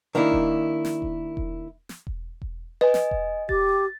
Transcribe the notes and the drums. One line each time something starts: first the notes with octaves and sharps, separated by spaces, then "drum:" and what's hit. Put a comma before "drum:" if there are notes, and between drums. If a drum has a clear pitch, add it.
D#3 A#3 D4 E4
drum: kick E1
drum: snare
drum: kick E1
drum: kick E1
drum: snare
drum: kick E1
drum: kick E1
B4 D#5 G#5
drum: snare
drum: kick E1
G4 A6, drum: kick E1